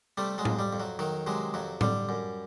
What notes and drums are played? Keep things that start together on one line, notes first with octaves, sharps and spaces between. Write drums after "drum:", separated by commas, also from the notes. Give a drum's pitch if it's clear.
C3 G3 A3
F#3 G#3
F2, drum: tom A2
G3
F2
F#3
D#3 F#3
C3 F#3 G#3
F2 F#3
D3 G3, drum: tom A2
F#2